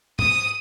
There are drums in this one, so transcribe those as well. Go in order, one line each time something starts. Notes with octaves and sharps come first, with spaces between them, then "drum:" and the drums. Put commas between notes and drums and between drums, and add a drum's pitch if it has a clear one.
D#6, drum: tom